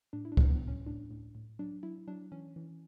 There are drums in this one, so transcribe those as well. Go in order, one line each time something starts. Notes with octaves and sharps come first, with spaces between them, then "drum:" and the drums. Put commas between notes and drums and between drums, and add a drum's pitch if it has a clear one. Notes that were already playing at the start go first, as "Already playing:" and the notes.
A2 D4
E4
D4
A2, drum: kick C#2
B3
A2
C#4
A2 D4
A2
A2
F#3 D4
F#3 E4
F#3 D4
E3 C#4
E3